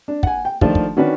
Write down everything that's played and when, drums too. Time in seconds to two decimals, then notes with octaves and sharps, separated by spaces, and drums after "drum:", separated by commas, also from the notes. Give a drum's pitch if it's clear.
0.08 D4
0.23 F#5 G#5, drum: kick
0.45 G5
0.61 D#3 F3 A3 D4 F4, drum: kick
0.75 drum: kick
0.97 D#3 C#4 D4 F#4 B4